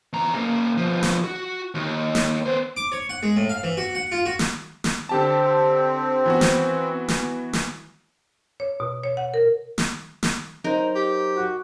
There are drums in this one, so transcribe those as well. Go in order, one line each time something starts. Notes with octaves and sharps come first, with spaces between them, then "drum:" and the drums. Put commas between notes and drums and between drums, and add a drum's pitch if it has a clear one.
E2 A#5
C#3 A#3
B2 F3
drum: snare
F#4
D#2
drum: snare
B3 C5
D6
C#5
F#5
G#3
A2
F5
E3
F#4
F#5
F4
F#4
drum: snare
drum: snare
D3 C4 G4 A5
E3 B3 F#4
drum: snare
drum: snare
drum: snare
C#5
B2
C#5
F#5
A#4
drum: snare
drum: snare
F#3 D#4 A#4 C5
G4
F#4